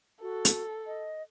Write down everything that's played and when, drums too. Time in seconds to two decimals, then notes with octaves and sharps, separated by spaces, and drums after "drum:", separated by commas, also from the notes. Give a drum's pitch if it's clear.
0.22 F#4 A4
0.45 drum: hi-hat
0.87 D#5